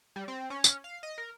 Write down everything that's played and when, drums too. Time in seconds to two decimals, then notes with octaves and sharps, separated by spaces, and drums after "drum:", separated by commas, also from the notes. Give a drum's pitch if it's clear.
0.16 G3
0.28 C4
0.50 C#4
0.64 drum: tambourine
0.84 F5
1.03 D#5
1.18 A#4